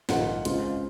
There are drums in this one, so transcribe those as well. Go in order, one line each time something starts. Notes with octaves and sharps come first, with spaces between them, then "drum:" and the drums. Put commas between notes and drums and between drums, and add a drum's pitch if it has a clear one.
A#1 G#2 D#3 A#3 F4 F#5, drum: snare
C#2 C#3 G#3 C4 F4, drum: hi-hat